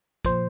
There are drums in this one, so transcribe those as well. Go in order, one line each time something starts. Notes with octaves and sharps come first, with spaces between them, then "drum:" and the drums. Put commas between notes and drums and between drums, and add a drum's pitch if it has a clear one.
A#2 F3 C5, drum: kick, hi-hat